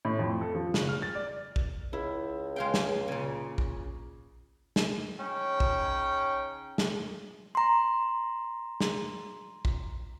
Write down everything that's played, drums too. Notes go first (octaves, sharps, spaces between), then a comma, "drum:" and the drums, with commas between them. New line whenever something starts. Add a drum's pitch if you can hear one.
A2
F2
A4
F3
F#1, drum: snare
F6
A6
D5
drum: kick
C#2 E4
G#3 F5 G5
drum: snare
A#2 C#3
drum: kick
drum: snare
C#3 C#4 D#4 G5
drum: kick
drum: snare
A#5 C6
drum: snare
drum: kick